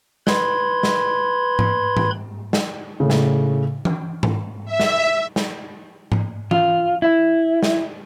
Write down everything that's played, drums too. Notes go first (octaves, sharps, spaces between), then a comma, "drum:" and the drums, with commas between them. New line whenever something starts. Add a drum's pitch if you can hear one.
B4 B5 C6 G#6, drum: snare
drum: snare
drum: tom G#2
drum: tom G#2
drum: snare
A2 C#3
drum: snare
drum: tom E3
drum: tom G#2
E5
drum: snare
drum: snare
drum: tom G#2
F4, drum: tom E3
E4
drum: snare